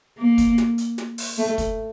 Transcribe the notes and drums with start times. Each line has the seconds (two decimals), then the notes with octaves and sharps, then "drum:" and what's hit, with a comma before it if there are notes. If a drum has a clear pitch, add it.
0.18 A#3
0.38 drum: kick, hi-hat
0.58 drum: snare
0.78 drum: hi-hat
0.98 drum: snare
1.18 drum: open hi-hat
1.38 A3
1.58 drum: kick, hi-hat